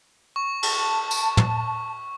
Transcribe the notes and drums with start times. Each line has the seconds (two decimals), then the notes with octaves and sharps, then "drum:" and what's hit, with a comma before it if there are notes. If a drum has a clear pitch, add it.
0.36 C#6
0.63 A5, drum: cymbal
1.11 drum: tambourine
1.37 drum: tom